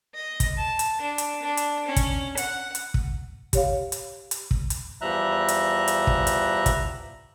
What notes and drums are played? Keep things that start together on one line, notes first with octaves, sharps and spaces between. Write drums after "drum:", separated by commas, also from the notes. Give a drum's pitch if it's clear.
D#5
drum: kick, hi-hat
A5
drum: hi-hat
D4
drum: hi-hat
D4
drum: hi-hat
C#4
drum: kick, hi-hat
F#5, drum: hi-hat
drum: hi-hat
drum: kick
G4 C#5 F5, drum: kick, hi-hat
drum: hi-hat
drum: hi-hat
drum: kick
drum: hi-hat
E2 F3 G3 E5 A#5 F#6
drum: hi-hat
drum: hi-hat
drum: kick
drum: hi-hat
drum: kick, hi-hat